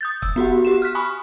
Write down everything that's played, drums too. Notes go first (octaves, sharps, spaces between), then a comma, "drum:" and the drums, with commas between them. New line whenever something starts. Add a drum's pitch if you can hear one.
D#6 G6 A6
E6, drum: kick
B3 F#4 G4 F#5
G4 E7
F6 F#6 B6
G#5 B5 C#6 D#6